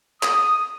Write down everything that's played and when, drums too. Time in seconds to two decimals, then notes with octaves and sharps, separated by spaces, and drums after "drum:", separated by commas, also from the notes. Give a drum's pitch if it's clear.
0.23 D#6, drum: clap